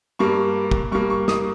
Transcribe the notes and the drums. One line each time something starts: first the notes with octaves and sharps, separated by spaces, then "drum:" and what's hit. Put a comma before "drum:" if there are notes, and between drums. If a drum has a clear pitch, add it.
G2 G3 A#3 C#6
drum: kick
G2 G3 A#3 C#6
C#6
D#6, drum: snare